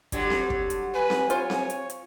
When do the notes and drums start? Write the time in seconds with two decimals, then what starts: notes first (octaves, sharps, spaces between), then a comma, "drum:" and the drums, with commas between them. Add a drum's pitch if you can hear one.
0.12 D3 F#3 G3, drum: kick, hi-hat
0.30 drum: snare C4
0.50 drum: kick
0.70 drum: hi-hat
0.94 B4 G#5
1.10 drum: snare C4
1.30 F4 C5 C#5, drum: hi-hat
1.50 drum: snare C4
1.70 drum: hi-hat
1.90 drum: hi-hat